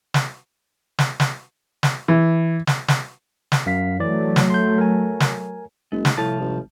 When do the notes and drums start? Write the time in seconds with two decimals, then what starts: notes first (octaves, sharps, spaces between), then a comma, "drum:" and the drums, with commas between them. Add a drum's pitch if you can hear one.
0.14 drum: snare
0.99 drum: snare
1.20 drum: snare
1.83 drum: snare
2.08 E3
2.67 drum: snare
2.88 drum: snare
3.52 drum: snare
3.66 F#2 F5 B6
4.00 E3 F#3 A3 D5
4.36 drum: snare
4.50 C6 G6
4.78 A#4 G#5
5.20 drum: snare
5.92 F#1 G#3
6.05 drum: snare
6.17 C2 A2 F3 A5
6.40 G#1